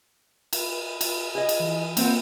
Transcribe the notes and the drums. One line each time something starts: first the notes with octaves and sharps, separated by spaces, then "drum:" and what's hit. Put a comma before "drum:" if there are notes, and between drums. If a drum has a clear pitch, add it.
drum: cymbal
drum: cymbal
G#4 D#5
drum: cymbal
E3
A#3 C4 C5 F#5, drum: cymbal